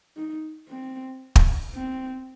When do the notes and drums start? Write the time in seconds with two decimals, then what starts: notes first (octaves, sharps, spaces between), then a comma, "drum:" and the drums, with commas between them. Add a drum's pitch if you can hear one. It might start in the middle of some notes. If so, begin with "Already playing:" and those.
0.17 D#4
0.69 C4
1.36 drum: kick
1.75 C4